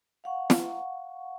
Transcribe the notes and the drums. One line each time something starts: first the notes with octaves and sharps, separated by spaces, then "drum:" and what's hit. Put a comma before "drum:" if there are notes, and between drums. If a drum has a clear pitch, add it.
F5 F#5 C#6
drum: snare